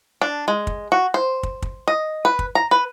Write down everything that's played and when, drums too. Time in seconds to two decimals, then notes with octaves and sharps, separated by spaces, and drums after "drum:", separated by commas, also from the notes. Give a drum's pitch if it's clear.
0.22 D4
0.48 G#3
0.67 drum: kick
0.92 F#4
1.14 C5
1.43 drum: kick
1.62 drum: kick
1.88 D#5
2.25 B4
2.39 drum: kick
2.55 A#5
2.71 B4